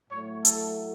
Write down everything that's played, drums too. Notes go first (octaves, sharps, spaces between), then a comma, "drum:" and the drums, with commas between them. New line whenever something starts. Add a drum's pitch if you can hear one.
A2 F#3 A3 C#5
A4, drum: hi-hat